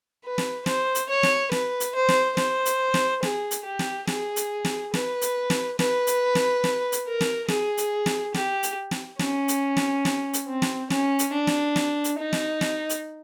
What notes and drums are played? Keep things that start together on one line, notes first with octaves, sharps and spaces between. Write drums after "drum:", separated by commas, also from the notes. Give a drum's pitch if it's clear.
B4
drum: snare
C5, drum: snare
drum: hi-hat
C#5
drum: snare
B4, drum: snare
drum: hi-hat
C5
drum: snare
C5, drum: snare
drum: hi-hat
drum: snare
G#4, drum: snare
drum: hi-hat
G4
drum: snare
G#4, drum: snare
drum: hi-hat
drum: snare
B4, drum: snare
drum: hi-hat
drum: snare
B4, drum: snare
drum: hi-hat
drum: snare
drum: snare
drum: hi-hat
A#4
drum: snare
G#4, drum: snare
drum: hi-hat
drum: snare
G4, drum: snare
drum: hi-hat
drum: snare
C#4, drum: snare
drum: hi-hat
drum: snare
drum: snare
drum: hi-hat
C4
drum: snare
C#4, drum: snare
drum: hi-hat
D4
drum: snare
drum: snare
drum: hi-hat
D#4
drum: snare
drum: snare
drum: hi-hat